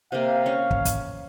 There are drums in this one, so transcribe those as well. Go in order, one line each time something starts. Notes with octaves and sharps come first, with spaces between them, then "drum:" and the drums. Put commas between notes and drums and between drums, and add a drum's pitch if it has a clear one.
C3 A#3 F5
C#4 C#5
drum: kick
drum: kick, hi-hat